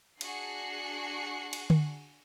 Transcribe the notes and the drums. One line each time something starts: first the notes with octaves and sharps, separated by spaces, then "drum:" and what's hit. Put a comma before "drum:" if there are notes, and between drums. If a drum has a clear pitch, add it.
D4 F#4 G#4 F#6 C7 C#7, drum: cymbal
drum: cymbal
drum: tom D3